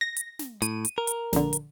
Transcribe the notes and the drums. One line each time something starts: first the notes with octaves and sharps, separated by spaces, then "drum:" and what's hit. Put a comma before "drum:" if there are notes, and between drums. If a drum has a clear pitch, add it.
A#6
drum: hi-hat
drum: snare
A2 D#7, drum: hi-hat
drum: hi-hat
A#4
drum: hi-hat
A#1 D3, drum: snare
drum: hi-hat